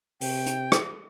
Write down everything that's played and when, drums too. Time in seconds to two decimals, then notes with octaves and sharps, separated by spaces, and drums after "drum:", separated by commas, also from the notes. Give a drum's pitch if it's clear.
0.21 C3 G5, drum: open hi-hat
0.46 drum: hi-hat
0.72 drum: rim click